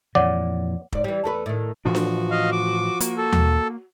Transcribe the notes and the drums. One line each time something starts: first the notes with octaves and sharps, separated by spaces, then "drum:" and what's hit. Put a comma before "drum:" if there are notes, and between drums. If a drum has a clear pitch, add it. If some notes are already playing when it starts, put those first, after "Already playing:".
F2 A#2 E3 C#5 D5 F#5
G#2 D5, drum: kick
E3 G3
E2 A3 B4
A2 D#3
A2 E3 F3 D4 F#4
drum: snare D4
D#5 F5
D6
A#3, drum: hi-hat
A4
drum: tom D#2